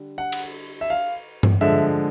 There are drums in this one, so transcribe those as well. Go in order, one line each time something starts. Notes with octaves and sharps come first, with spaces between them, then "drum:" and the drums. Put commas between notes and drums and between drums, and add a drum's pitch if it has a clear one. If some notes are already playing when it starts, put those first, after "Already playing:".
Already playing: D3 G3
F#5
drum: cymbal
E5
F5
drum: tom G2
D3 F3 G#3 E5